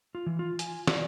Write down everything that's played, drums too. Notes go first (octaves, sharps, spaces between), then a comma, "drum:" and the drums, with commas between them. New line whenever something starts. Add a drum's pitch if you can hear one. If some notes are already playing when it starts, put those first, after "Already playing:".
F4
E3
F4
G#5, drum: hi-hat
D5, drum: snare